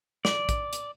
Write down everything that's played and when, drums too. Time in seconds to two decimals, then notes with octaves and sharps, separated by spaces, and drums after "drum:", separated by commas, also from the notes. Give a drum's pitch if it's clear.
0.25 D5, drum: snare
0.49 drum: kick, hi-hat
0.73 drum: hi-hat